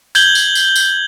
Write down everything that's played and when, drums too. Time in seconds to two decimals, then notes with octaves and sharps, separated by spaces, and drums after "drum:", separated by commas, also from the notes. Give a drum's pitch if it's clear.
0.15 G6 G#6 F#7 G7, drum: tambourine
0.35 drum: tambourine
0.55 drum: tambourine
0.76 drum: tambourine